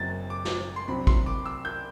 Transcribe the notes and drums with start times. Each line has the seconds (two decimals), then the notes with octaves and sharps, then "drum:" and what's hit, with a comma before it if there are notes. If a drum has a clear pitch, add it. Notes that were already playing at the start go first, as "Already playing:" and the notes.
Already playing: F#1 F#2 F#3 C4 A6
0.30 D6
0.45 drum: snare
0.76 C6
0.88 C2 C3 F#3 C4 B5
1.07 C6, drum: kick
1.26 D6
1.46 E6
1.65 G6